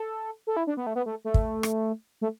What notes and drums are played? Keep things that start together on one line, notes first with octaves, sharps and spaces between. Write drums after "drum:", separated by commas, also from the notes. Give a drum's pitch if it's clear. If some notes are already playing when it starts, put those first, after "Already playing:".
Already playing: A4
A4
E4
D4
B3
A3
B3
A3
A3
drum: kick
drum: rim click
A3